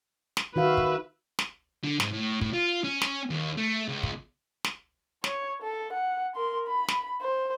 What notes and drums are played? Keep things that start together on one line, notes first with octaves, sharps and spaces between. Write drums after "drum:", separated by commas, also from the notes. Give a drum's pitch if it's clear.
drum: snare
D#3 F#4 B4 E5 F5
drum: kick
drum: snare
D3
G#2, drum: snare
A2
A2, drum: kick
F4
C#4
drum: snare
D#2
A3
C#2
drum: kick
drum: snare
C#5, drum: snare
A4
F#5
A#4 C6
B5
drum: snare
C5